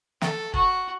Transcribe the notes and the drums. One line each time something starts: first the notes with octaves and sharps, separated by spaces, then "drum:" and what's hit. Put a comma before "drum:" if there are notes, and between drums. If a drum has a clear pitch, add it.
A4, drum: snare
F#4, drum: kick